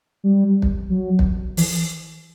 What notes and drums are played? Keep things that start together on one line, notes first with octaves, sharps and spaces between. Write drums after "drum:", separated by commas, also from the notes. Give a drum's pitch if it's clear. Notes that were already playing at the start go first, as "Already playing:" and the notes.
G3
drum: kick
F#3
drum: kick
E3, drum: open hi-hat